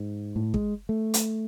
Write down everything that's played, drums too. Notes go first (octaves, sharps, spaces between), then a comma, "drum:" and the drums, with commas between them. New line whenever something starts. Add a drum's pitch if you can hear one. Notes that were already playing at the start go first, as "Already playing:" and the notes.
Already playing: G#2
A2
G#3, drum: kick
A3
drum: hi-hat